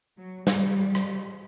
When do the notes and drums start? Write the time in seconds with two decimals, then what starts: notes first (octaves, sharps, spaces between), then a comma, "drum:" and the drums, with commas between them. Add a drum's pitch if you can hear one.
0.17 F#3
0.47 G3, drum: snare
0.95 drum: rim click